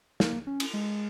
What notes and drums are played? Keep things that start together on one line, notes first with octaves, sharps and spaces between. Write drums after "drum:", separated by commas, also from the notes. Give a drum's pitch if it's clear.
A#3, drum: snare
C#4
drum: cymbal
G#3